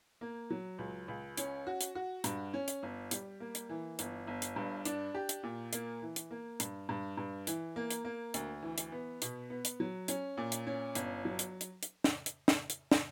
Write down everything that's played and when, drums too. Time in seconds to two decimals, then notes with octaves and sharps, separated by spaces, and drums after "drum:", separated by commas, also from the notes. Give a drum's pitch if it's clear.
0.21 A#3
0.50 F#3
0.79 C#2
1.08 C#2
1.37 C#4, drum: hi-hat
1.67 F#4
1.81 drum: hi-hat
1.95 F#4
2.24 G2, drum: hi-hat
2.54 C#4
2.68 drum: hi-hat
2.83 G1
3.11 G3, drum: hi-hat
3.40 A#3
3.55 drum: hi-hat
3.69 E3
3.99 G1, drum: hi-hat
4.27 G1
4.42 drum: hi-hat
4.56 G2
4.85 D4, drum: hi-hat
5.14 G4
5.29 drum: hi-hat
5.43 A#2
5.73 A#3, drum: hi-hat
6.02 E3
6.16 drum: hi-hat
6.31 A#3
6.60 G2, drum: hi-hat
6.89 G2
7.18 G2
7.47 E3, drum: hi-hat
7.76 A#3
7.91 drum: hi-hat
8.05 A#3
8.34 D2, drum: hi-hat
8.63 E3
8.78 drum: hi-hat
8.92 B3
9.22 B2, drum: hi-hat
9.50 B3
9.65 drum: hi-hat
9.80 F#3
10.08 C#4, drum: hi-hat
10.37 A#2
10.52 drum: hi-hat
10.67 C#4
10.95 G1, drum: hi-hat
11.25 F#3
11.39 drum: hi-hat
11.61 drum: hi-hat
11.83 drum: hi-hat
12.04 drum: snare
12.26 drum: hi-hat
12.48 drum: snare
12.70 drum: hi-hat
12.92 drum: snare